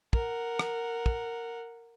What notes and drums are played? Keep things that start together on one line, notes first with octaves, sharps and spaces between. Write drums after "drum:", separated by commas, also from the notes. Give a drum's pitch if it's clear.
A#4 F#5, drum: kick
drum: rim click
drum: kick